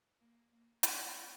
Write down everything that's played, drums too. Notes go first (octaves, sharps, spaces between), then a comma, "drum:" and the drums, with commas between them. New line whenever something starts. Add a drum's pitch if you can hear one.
A#3
A#3
B3, drum: hi-hat